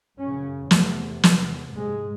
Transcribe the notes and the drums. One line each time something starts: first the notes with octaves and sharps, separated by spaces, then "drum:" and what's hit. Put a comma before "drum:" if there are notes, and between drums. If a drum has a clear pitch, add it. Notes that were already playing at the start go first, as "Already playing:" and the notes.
F#2 C#3 C#4
E2 C3 A3, drum: snare
E2 C3, drum: snare
G#2 G#3